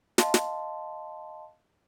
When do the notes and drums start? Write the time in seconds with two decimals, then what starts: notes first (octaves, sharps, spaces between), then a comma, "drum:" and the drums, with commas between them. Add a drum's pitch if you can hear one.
0.18 D#5 F5 A5 C6, drum: snare
0.34 drum: snare